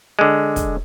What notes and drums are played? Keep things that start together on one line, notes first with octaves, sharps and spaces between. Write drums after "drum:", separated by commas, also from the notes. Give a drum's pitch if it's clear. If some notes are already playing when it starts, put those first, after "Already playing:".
D3 G#3
drum: kick, hi-hat